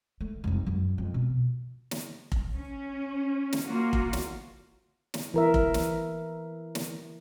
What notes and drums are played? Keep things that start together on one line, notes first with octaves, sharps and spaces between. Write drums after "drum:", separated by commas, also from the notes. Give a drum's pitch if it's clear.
A3
F1 D#4
F#2
F2 C#4
B2
drum: snare
drum: kick F1
C#4
drum: snare
A#3 F4 F#4
drum: kick F1
drum: snare
drum: snare
E3 A#4 E5
drum: kick F1
drum: snare
drum: snare